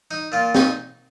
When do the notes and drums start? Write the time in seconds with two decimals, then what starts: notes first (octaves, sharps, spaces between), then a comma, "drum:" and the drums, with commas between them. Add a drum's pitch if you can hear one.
0.11 D#4
0.32 A#2 F4
0.55 D#4, drum: snare C4